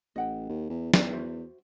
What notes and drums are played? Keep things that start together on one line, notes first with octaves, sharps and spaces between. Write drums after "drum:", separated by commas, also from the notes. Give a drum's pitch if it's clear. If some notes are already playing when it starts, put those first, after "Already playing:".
A1 D#5 F#5 G5
D#2
E2
E2 D5, drum: snare
F#4 C5 E5